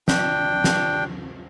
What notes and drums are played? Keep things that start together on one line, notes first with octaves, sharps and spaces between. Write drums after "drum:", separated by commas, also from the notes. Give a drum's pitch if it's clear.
D4 G5, drum: snare
drum: snare